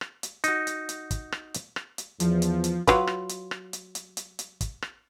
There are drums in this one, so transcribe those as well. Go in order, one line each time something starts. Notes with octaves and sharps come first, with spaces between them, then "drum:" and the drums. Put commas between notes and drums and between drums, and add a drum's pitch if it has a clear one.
drum: rim click
drum: hi-hat
D#4 F#4, drum: hi-hat
drum: hi-hat
drum: hi-hat
drum: kick, hi-hat
drum: rim click
drum: hi-hat
drum: rim click
drum: hi-hat
E2 F3, drum: hi-hat
drum: hi-hat
drum: hi-hat
F#3 F4 B4, drum: kick, hi-hat
drum: rim click
drum: hi-hat
drum: rim click
drum: hi-hat
drum: hi-hat
drum: hi-hat
drum: hi-hat
drum: kick, hi-hat
drum: rim click